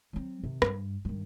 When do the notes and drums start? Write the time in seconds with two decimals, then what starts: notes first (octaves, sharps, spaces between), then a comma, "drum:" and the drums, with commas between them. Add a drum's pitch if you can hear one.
0.13 F#3 C4
0.43 C3 D#3
0.62 G2, drum: rim click
1.05 G2 D#3